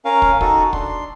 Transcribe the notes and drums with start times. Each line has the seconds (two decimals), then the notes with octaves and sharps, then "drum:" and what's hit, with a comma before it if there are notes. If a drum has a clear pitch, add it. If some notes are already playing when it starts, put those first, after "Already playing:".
0.05 C#4 A#4 F5
0.22 drum: kick
0.41 D#4 F#4 A4, drum: kick
0.73 D4 C6, drum: kick